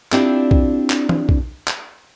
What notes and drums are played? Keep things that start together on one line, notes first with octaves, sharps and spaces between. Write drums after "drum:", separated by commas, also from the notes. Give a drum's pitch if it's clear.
C4 D4 E4 F4 G4 D5, drum: clap
drum: kick
drum: clap
drum: tom E3
drum: kick
drum: clap